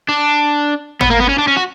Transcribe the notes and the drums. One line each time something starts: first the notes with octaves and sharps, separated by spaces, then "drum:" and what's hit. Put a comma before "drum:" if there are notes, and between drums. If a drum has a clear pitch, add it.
D4
B3, drum: tom
A#3
B3
C#4
D4
C#4
F#4